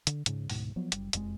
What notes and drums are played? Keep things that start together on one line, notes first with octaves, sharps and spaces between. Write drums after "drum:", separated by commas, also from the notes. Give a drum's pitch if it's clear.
D3, drum: hi-hat
G#2 C#3, drum: hi-hat
D2 G#2 B2, drum: open hi-hat
F3 F#3 B3
F#1 G3, drum: hi-hat
E1 F2 F#3 G#3, drum: hi-hat